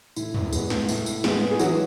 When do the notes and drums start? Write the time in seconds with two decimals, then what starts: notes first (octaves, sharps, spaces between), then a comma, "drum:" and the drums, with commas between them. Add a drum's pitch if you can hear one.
0.16 A2 E4, drum: tambourine
0.35 drum: tom
0.53 G#3 B3, drum: tambourine
0.70 drum: snare
0.89 A2, drum: tambourine
1.06 drum: tambourine
1.24 G#3 B3, drum: snare
1.51 G#4
1.59 E3 F#3 F#4, drum: tambourine